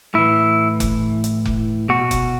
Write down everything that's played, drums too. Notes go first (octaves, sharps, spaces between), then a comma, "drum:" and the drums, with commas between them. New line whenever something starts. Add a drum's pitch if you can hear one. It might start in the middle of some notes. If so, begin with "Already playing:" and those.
A2 E3 E4
drum: kick F1, hi-hat
drum: hi-hat
drum: kick F1
B2 F#4
drum: kick F1, hi-hat